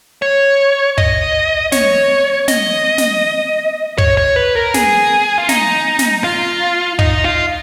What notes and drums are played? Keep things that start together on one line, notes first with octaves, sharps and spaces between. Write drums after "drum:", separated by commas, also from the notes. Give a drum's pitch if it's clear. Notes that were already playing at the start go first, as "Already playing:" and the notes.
C#5
D#5, drum: kick
C#5, drum: snare
D#5, drum: snare
drum: snare
C#5, drum: kick
C#5
B4
A#4
G#4, drum: snare
F4
D#4, drum: snare
drum: snare
F4
D#4, drum: kick
F4